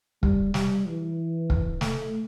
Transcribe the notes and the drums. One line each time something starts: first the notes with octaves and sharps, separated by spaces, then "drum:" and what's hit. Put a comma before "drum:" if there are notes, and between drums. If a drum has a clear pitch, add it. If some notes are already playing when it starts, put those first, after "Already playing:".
G3, drum: kick
G3, drum: snare
E3
drum: kick
A3, drum: snare